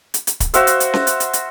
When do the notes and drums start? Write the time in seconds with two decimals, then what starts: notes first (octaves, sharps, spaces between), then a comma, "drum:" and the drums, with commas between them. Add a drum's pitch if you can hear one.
0.14 drum: hi-hat
0.27 drum: hi-hat
0.40 drum: kick, hi-hat
0.54 F#4 C5 E5 F5, drum: hi-hat
0.67 drum: hi-hat
0.80 drum: hi-hat
0.94 drum: snare C#4
1.07 drum: hi-hat
1.20 drum: hi-hat
1.33 drum: hi-hat